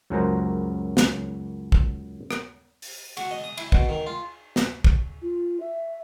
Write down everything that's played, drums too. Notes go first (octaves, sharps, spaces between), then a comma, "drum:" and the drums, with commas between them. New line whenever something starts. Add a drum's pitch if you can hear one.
C#2 F#2 F#3 A#4 C5 A#5
drum: snare
drum: kick
drum: rim click
drum: open hi-hat
F#4, drum: cymbal
D#5
D#6
E4, drum: cymbal
B2, drum: kick
D#3
F4
drum: snare
drum: kick
F4
E5